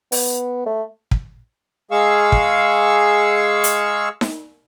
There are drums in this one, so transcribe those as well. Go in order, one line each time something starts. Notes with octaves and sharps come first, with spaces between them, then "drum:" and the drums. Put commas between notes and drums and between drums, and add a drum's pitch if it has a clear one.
B3, drum: open hi-hat
A3
drum: kick
G#3 G#4 F5 C#6 E6
drum: kick
drum: hi-hat
drum: snare D#4